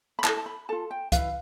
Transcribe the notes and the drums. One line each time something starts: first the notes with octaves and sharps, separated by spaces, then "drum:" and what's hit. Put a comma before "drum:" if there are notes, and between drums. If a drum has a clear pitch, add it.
B5
E4 A4 A5, drum: clap
A5
B5
F4 A4 A5
G5
E4 B4 F5, drum: kick C#2, hi-hat